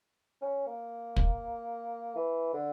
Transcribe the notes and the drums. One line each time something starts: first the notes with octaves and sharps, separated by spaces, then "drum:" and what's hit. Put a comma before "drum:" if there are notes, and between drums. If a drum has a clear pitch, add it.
C#4
A#3
drum: kick
E3
D3